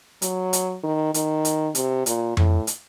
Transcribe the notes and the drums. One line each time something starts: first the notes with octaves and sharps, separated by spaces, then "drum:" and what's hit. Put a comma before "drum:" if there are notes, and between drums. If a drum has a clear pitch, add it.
F#3, drum: hi-hat
drum: hi-hat
D#3
D#3, drum: hi-hat
drum: hi-hat
C3, drum: hi-hat
A#2, drum: hi-hat
A2, drum: tom F2
drum: hi-hat